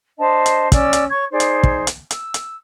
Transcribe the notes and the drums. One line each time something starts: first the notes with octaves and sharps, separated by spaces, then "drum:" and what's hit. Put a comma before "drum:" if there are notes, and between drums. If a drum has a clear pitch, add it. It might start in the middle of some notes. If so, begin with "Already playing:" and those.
D4 C5 D#5 A5
drum: hi-hat
C#4 D5 E6, drum: kick, hi-hat
drum: hi-hat
C#5 C#6 G#6
D#4 G#4 C5 D5
drum: hi-hat
drum: kick
drum: hi-hat
E6, drum: hi-hat
drum: hi-hat